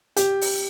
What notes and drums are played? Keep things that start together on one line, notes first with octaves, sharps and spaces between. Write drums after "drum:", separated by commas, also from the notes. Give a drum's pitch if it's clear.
G4, drum: hi-hat
drum: open hi-hat